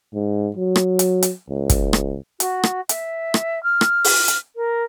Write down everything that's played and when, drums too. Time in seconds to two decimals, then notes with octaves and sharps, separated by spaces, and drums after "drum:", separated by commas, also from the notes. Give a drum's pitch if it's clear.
0.14 G#2
0.56 F#3
0.76 drum: rim click
0.99 drum: hi-hat
1.23 drum: hi-hat
1.50 C#2
1.70 drum: kick, hi-hat
1.93 drum: rim click
2.40 F#4, drum: hi-hat
2.63 drum: rim click
2.89 E5, drum: hi-hat
3.34 drum: rim click
3.63 F6
3.81 drum: rim click
4.04 drum: open hi-hat
4.28 drum: hi-hat
4.56 A#4